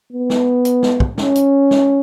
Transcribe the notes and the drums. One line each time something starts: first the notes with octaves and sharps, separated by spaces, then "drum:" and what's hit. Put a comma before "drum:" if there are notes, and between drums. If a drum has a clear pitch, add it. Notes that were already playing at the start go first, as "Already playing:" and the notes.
B3
drum: snare
drum: hi-hat
drum: snare
drum: kick
C#4, drum: snare
drum: hi-hat
drum: snare